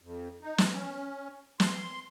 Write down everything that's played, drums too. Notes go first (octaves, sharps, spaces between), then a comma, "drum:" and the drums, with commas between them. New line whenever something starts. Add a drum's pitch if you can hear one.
F2
D#4
drum: snare
C#4
C6, drum: snare